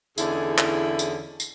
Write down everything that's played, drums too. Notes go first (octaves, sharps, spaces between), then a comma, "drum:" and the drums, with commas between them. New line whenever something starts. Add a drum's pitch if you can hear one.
E2 D3 C#4 D#4 E4 G#4, drum: tambourine
drum: clap
drum: tambourine
drum: tambourine